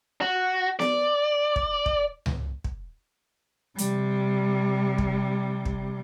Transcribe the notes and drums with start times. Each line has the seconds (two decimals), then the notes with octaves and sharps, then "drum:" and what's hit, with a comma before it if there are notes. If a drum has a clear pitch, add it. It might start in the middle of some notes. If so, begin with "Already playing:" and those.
0.21 F#4
0.79 D5, drum: snare B3
1.56 drum: kick
1.86 drum: kick
2.26 drum: tom C#2
2.64 drum: kick
3.78 C3 G3, drum: hi-hat
4.98 drum: kick
5.66 drum: kick